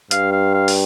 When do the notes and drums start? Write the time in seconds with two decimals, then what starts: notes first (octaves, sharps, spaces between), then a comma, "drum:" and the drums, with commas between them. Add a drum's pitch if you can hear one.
0.11 G2 F5, drum: hi-hat
0.32 F5
0.54 F5
0.68 drum: open hi-hat